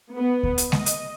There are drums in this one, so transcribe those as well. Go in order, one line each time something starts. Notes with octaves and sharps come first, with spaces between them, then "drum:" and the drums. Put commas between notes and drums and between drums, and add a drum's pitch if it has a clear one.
B3
drum: kick D2
drum: hi-hat
D#5, drum: snare G#3
drum: hi-hat